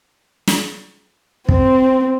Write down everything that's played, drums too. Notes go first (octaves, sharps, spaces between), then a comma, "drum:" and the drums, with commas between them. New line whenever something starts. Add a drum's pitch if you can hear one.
drum: snare
C4, drum: kick